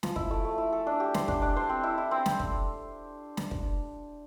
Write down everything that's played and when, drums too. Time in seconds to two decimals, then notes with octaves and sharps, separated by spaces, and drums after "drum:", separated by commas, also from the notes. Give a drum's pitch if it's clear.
0.03 F3, drum: snare
0.16 E4, drum: kick
0.31 A3
0.45 A3
0.58 E4
0.72 A4
0.87 D4
1.00 G4
1.14 C5, drum: snare
1.28 D4, drum: kick
1.42 D4
1.56 C5
1.69 C4
1.83 E4
1.98 E4
2.11 C4
2.26 drum: snare
2.40 drum: kick
3.37 drum: snare
3.51 drum: kick